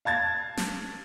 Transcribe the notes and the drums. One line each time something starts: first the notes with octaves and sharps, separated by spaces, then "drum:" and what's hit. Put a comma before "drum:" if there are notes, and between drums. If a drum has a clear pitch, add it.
F5 A5 G#6 A6
drum: snare